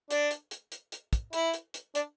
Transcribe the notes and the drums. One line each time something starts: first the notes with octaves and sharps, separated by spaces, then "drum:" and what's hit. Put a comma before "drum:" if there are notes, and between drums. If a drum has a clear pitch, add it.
D4, drum: hi-hat
drum: hi-hat
drum: hi-hat
drum: hi-hat
drum: hi-hat
drum: kick, hi-hat
E4, drum: hi-hat
drum: hi-hat
drum: hi-hat
D4, drum: hi-hat